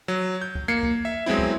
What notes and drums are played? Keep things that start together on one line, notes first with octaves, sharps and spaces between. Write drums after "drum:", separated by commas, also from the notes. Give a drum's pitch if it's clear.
F#3
G6
drum: kick
A#3 G#6 C7 C#7
drum: kick
E5
F#3 G#3 B3 C4 E4
drum: kick